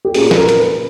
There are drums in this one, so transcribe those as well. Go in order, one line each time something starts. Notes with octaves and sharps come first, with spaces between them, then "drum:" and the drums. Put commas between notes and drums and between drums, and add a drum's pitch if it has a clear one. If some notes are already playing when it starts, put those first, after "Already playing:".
G4
A#2 A#3 C#4 G#4, drum: open hi-hat
B4, drum: snare
A#4
drum: hi-hat
B4